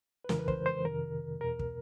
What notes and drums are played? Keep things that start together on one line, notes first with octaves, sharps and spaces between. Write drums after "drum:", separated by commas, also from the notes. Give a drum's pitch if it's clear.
B4
F2 C#3 E3 A#4, drum: snare
B4
C5, drum: kick
C5
F2 C3 D#3 A#4
E2 B2 A#4
drum: kick